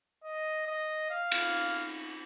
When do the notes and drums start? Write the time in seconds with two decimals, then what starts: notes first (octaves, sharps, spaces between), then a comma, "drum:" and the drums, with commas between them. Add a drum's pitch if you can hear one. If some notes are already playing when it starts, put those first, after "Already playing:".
0.24 D#5
0.67 D#5
1.10 F5
1.32 drum: cymbal